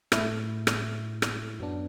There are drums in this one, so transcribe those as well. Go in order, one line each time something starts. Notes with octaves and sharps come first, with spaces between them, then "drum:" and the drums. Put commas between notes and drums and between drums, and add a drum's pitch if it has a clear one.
A2 A3 E4, drum: rim click
drum: rim click
drum: rim click
F#2 F#3 B3 D4